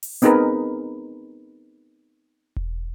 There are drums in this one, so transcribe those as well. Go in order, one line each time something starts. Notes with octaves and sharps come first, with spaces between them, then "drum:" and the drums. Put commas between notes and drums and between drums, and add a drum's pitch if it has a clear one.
drum: open hi-hat
B3 C4 D#4 G#4 A#4 B4, drum: hi-hat
drum: kick E1